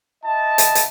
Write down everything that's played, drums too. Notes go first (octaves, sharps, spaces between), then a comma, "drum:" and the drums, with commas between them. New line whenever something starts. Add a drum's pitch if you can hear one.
E4 D#5 A5
drum: hi-hat
drum: hi-hat